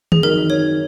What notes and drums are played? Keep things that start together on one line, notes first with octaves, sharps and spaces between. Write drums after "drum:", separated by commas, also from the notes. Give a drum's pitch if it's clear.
G#4, drum: tom D#3
G#1 F#2 D#3 A#4
C#5